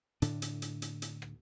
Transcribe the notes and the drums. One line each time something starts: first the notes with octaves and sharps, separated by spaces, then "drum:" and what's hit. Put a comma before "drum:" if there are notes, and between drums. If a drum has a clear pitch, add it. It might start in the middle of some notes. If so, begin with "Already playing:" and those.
A2 D3 D4, drum: hi-hat
drum: hi-hat
drum: hi-hat
drum: hi-hat
drum: hi-hat
drum: rim click